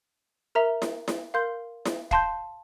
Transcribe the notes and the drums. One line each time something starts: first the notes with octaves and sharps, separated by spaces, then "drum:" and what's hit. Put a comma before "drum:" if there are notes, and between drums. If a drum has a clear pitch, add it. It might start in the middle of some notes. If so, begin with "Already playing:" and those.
A#4 E5 A#5
drum: snare E4
drum: snare E4
A#4 F5 C6 G6
drum: snare E4
F5 A5 C6 G6, drum: kick